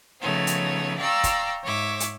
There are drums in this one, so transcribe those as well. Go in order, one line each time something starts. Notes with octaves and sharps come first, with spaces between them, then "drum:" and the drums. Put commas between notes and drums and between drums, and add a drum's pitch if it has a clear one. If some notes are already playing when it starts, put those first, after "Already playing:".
C#3 F3 A3 B3 D#4 C#5
drum: hi-hat
D5 F5 G5 A#5 C#6 E6
drum: kick, hi-hat
G#2 C#5 E5 D6
drum: hi-hat